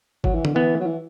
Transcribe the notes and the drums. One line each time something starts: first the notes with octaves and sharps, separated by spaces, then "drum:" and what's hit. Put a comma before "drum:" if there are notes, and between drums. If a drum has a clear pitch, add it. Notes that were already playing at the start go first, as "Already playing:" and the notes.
F#3, drum: kick G1
E3
D3, drum: tom D3
E3 B3
F#3
E3